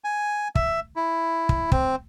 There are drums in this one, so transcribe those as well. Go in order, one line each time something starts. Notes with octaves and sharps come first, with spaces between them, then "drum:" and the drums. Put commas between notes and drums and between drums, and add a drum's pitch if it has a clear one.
G#5
E5, drum: kick
E4
drum: kick
C4, drum: kick